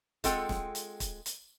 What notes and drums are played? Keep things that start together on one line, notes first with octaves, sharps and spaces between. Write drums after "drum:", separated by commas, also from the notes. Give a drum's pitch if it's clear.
G#3 C4 F4 A4 F#5 G5, drum: kick, hi-hat
drum: snare
drum: hi-hat
drum: kick, hi-hat
drum: hi-hat